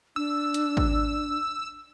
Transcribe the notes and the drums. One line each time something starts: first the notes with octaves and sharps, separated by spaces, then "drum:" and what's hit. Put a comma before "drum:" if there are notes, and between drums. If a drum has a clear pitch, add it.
D4 E6
drum: hi-hat
drum: kick